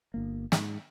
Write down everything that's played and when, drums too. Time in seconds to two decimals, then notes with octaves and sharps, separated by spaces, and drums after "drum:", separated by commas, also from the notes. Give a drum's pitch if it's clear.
0.14 G1 A#3
0.52 G#2, drum: snare